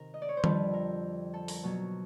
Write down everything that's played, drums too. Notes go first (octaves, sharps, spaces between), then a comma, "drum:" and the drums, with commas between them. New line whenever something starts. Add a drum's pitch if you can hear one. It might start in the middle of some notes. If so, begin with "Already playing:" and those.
Already playing: C3 D#3 A#4
D#5
D5
C#5
C5
F2 D3 G3 B4, drum: tom D#3
A#4
A4
A#4, drum: open hi-hat
B2 F#3 A#3